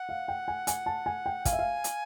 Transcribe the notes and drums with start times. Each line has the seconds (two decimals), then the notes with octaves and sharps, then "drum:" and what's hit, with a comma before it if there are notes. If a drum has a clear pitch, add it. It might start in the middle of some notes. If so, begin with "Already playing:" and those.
Already playing: F#5
0.09 F5
0.28 G5
0.48 G#5
0.67 G#5, drum: hi-hat
0.86 A5
1.06 G#5
1.26 G5
1.45 F5 G#5, drum: kick, hi-hat
1.53 E5
1.59 F5
1.84 drum: hi-hat